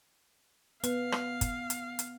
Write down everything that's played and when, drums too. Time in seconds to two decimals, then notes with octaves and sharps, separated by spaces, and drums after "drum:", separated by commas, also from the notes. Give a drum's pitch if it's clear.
0.84 B3 B4 F5, drum: hi-hat
1.12 drum: rim click
1.41 drum: kick G1, hi-hat
1.70 drum: hi-hat
1.99 drum: hi-hat